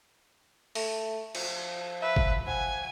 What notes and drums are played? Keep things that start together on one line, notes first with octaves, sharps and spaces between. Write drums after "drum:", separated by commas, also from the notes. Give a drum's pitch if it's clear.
A3, drum: open hi-hat
F3, drum: cymbal
B4 E5
drum: kick
F3 F#5 G#5